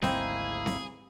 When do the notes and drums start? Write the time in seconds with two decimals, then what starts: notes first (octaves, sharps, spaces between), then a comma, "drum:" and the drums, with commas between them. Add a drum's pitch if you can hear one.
0.02 G#1 D2 G#2 A#3 C4 D#4 E4 G#4, drum: snare C4
0.66 drum: snare C4